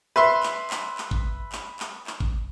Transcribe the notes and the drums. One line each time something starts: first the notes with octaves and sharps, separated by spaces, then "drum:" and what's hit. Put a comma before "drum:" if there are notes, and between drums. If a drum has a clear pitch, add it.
B4 E5 C6
drum: clap
drum: clap
drum: clap
drum: kick G1
drum: clap
drum: clap
drum: clap
drum: kick G1